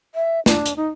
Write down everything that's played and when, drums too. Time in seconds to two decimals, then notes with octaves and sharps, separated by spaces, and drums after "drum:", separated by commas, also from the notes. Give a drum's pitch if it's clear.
0.15 E5
0.46 D4, drum: snare
0.66 drum: hi-hat
0.76 D#4